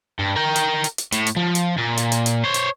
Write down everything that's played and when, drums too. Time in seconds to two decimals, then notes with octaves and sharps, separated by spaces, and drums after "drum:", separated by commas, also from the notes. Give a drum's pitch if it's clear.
0.19 G2
0.36 A#4 G5
0.56 drum: hi-hat
0.84 drum: hi-hat
0.98 drum: hi-hat
1.12 A2, drum: hi-hat
1.27 drum: hi-hat
1.36 F3
1.55 drum: hi-hat
1.78 A#2
1.97 drum: hi-hat
2.12 drum: hi-hat
2.26 drum: hi-hat
2.44 C5 C#5
2.54 drum: hi-hat